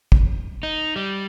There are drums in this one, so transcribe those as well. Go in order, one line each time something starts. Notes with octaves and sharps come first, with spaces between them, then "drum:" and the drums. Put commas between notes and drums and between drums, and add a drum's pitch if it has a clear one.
drum: kick
D#4
G3